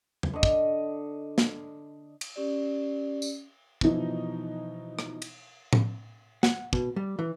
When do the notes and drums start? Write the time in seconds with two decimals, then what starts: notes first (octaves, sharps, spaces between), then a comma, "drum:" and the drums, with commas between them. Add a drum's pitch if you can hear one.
0.23 drum: tom E2
0.33 D3 D#5
0.43 drum: kick
1.38 drum: snare
2.21 drum: cymbal
2.36 C#4 G4 D5
3.22 drum: tambourine
3.81 B2 E3 F3 D#4 E4, drum: kick
4.99 drum: rim click
5.22 drum: cymbal
5.73 drum: tom A2
6.43 F#5, drum: snare
6.73 B2, drum: kick
6.96 G3
7.19 E3